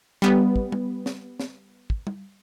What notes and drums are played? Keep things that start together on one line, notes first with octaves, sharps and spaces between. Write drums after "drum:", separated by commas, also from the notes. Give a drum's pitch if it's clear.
G3 B3
drum: kick
drum: tom G3
drum: snare
drum: snare
drum: kick
drum: tom G3